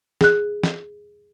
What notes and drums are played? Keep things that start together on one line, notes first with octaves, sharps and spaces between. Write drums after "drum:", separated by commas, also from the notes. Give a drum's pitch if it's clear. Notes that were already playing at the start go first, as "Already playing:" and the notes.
G#4 F#6, drum: snare
drum: snare